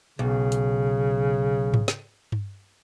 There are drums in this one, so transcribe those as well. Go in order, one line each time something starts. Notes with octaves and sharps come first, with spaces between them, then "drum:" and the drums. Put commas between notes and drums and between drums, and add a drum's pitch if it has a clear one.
B1 C#3
drum: hi-hat
drum: tom G#2
drum: snare
drum: tom G2